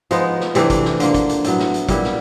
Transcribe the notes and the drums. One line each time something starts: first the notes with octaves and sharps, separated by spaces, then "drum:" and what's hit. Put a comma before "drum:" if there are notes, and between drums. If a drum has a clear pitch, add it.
F3 G#3 B3 D#4, drum: hi-hat
drum: snare
C3 E3 A3 D4, drum: hi-hat
drum: kick, hi-hat
drum: snare
D3 F3 A#3, drum: hi-hat
drum: kick, hi-hat
drum: hi-hat
A2 F#3 B3, drum: hi-hat
drum: snare
drum: hi-hat
A#2 G3 B3 E4, drum: kick, hi-hat
drum: snare